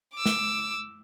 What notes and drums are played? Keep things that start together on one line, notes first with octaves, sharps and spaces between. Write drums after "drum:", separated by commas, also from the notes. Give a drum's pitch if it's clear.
D6 E6
drum: snare